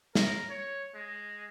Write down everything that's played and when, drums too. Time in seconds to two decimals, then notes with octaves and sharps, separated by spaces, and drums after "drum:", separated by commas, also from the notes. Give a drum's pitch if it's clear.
0.15 A#4, drum: snare
0.50 C#5
0.95 G#3